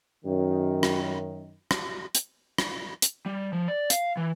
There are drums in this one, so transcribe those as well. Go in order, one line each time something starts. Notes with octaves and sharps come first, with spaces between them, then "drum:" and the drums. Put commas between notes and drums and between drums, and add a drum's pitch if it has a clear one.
F#2 D#3
drum: rim click
drum: rim click
drum: hi-hat
drum: rim click
drum: hi-hat
G3
F3
D5
F5, drum: hi-hat
E3